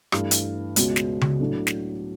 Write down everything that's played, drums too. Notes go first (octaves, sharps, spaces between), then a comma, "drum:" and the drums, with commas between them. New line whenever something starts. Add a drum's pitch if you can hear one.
G2 E3 A3, drum: rim click
drum: hi-hat
C#2 B2 G#3 C#4, drum: hi-hat
drum: snare
drum: tom C#3
A2 F#3 A3 D4
drum: snare